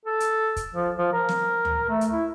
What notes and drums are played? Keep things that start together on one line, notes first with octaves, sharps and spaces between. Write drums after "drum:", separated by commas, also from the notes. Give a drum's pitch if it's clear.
A4
drum: hi-hat
drum: kick, hi-hat
F3
F3
A#4
drum: snare
drum: tom D2
A3
drum: hi-hat
E4